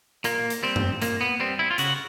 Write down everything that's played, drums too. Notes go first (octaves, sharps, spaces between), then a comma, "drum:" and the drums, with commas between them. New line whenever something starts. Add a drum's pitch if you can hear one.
A#2 A#3, drum: hi-hat
drum: hi-hat
G3 C4
drum: tom F#2
A#2 A#3, drum: hi-hat
B3
G3 C4
E4
F4
C#3 F#4, drum: hi-hat